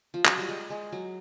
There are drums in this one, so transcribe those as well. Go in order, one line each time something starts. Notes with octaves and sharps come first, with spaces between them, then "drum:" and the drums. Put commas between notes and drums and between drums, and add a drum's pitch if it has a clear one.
F3
F#3, drum: clap
G3
G#3
G#3
F#3